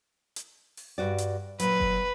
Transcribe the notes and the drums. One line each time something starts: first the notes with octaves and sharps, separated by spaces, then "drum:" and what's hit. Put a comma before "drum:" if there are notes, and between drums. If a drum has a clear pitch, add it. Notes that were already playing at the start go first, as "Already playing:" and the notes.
drum: hi-hat
drum: open hi-hat
G2 F#4 D5
drum: hi-hat
A#2 F#3 B4, drum: hi-hat
drum: kick F#1